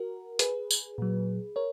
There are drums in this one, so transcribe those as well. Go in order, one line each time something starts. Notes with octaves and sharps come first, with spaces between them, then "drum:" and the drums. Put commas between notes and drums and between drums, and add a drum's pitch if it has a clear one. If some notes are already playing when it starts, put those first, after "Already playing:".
Already playing: F#4 A#4
G#4 B4, drum: hi-hat
drum: tambourine
A#2 F#3
A#4 C#5